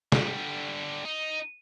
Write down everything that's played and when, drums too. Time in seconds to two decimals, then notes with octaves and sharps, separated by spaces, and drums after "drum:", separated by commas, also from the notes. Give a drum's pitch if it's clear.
0.12 D3 G3, drum: snare
1.05 D#4